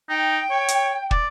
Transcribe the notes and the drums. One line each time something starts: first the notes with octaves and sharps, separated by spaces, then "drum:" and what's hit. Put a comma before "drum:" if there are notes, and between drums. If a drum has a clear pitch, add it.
D#4 G5
C#5
drum: hi-hat
D5, drum: kick